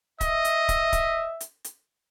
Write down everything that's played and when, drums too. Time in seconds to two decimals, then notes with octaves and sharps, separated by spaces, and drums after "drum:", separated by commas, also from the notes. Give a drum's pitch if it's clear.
0.21 D#5 E5, drum: kick C#1, hi-hat
0.45 drum: hi-hat
0.69 drum: kick C#1, hi-hat
0.93 drum: kick C#1, hi-hat
1.40 drum: hi-hat
1.64 drum: hi-hat